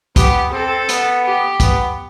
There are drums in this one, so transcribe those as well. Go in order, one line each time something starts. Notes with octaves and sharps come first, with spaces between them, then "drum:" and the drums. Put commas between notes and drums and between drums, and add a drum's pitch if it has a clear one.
B3 G4, drum: kick, hi-hat
C4 A4
B3, drum: hi-hat
G4
B3, drum: kick, hi-hat